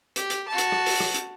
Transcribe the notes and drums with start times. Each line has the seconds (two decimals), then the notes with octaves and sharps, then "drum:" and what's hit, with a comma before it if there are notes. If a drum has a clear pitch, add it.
0.16 G4, drum: hi-hat
0.30 drum: hi-hat
0.48 F#4 A5
0.58 drum: hi-hat
0.72 drum: rim click
0.86 drum: open hi-hat
1.00 drum: rim click
1.14 drum: hi-hat